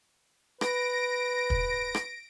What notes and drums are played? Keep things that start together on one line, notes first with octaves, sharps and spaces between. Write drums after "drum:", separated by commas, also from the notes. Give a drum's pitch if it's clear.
B4 A#6 D7, drum: rim click
drum: kick
drum: rim click